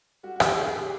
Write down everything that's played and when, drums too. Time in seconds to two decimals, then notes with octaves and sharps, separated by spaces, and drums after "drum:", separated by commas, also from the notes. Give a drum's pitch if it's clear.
0.23 G3 F#4
0.36 F#4
0.40 D3 G4, drum: rim click
0.57 C#3 G#4
0.75 C#3 G4